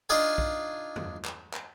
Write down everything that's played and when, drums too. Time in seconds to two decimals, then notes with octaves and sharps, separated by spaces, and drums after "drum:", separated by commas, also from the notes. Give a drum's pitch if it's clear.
0.09 D4 D#4 F4 G#4 F5 G#5
0.38 drum: kick B1
0.96 drum: tom E2
1.25 drum: clap
1.53 drum: clap